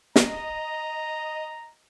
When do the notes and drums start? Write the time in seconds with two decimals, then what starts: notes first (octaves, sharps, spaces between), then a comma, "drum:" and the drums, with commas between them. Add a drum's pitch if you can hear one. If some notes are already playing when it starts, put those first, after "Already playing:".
0.16 D#5 A#5, drum: snare